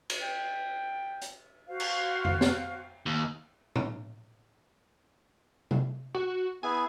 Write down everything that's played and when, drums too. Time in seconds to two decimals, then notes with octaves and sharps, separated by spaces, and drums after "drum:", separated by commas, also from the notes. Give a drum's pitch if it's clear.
0.10 drum: cymbal
0.22 G5
1.22 drum: hi-hat
1.68 F#4 C5 F5
1.80 drum: cymbal
2.25 drum: tom F2
2.41 drum: snare
3.06 D#2
3.76 drum: tom
5.71 drum: tom C3
6.15 F#4
6.63 B3 E4 G#4 G#5